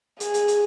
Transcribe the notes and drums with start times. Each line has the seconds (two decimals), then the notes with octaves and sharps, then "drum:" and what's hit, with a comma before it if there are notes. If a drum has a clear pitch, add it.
0.20 G#4, drum: hi-hat
0.34 drum: hi-hat
0.48 drum: hi-hat